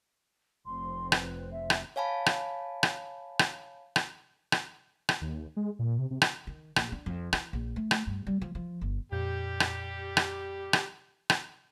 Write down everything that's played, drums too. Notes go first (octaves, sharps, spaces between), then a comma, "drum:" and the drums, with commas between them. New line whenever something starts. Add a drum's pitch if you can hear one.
F1 C4 C6
B4, drum: rim click
E5
drum: rim click
C#5 F5 G#5 A5 B5
drum: rim click
drum: rim click
drum: rim click
drum: rim click
drum: rim click
drum: rim click
D#2
G#3
A#2
C3
C3
drum: rim click
D#3
A#1, drum: rim click
D4
F2
E3, drum: rim click
A#1
A3
drum: rim click
G2
G3
F3
F3
G1
F2 A#2 G3 G4 G6
drum: rim click
drum: rim click
drum: rim click
drum: rim click